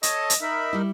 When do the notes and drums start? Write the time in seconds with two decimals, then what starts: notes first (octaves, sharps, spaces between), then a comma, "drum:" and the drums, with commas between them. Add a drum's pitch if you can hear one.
0.03 A4 C#5 D#5 A5, drum: hi-hat
0.30 drum: hi-hat
0.41 D#4 A#4 E5 B5
0.73 G3 E4